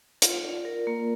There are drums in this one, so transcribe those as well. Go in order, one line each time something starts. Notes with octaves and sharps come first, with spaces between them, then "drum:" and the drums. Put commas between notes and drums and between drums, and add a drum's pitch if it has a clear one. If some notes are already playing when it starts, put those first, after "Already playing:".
F4, drum: hi-hat
D5
A#4
A#3